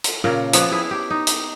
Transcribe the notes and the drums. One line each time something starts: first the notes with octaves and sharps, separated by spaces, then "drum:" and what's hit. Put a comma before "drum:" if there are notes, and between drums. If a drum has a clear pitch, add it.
drum: hi-hat
A#2 C#3 A#4
F3 B3 C#5 D5, drum: hi-hat
E4 G#4
G4
D#4
drum: hi-hat